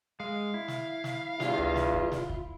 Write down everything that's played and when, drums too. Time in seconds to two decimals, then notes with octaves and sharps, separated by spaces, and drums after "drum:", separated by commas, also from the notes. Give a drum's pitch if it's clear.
0.20 G#3 F5
0.54 E4
0.68 drum: snare
1.04 drum: snare
1.40 E2 G2 F4, drum: snare
1.58 drum: tom C#2
1.76 drum: snare
1.94 drum: kick
2.12 drum: snare
2.29 drum: kick